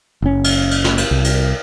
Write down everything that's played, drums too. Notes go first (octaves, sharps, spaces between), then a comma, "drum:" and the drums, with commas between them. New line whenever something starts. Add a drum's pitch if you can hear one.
F#1 C#4
drum: cymbal
drum: cymbal
drum: snare
drum: cymbal
C2
drum: cymbal